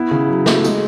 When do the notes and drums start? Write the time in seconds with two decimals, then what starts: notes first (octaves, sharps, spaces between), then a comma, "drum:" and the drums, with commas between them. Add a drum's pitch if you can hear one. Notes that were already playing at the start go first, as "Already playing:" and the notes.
Already playing: B3 E4
0.11 C#3
0.29 F#3
0.46 A3, drum: snare
0.64 G#3, drum: tambourine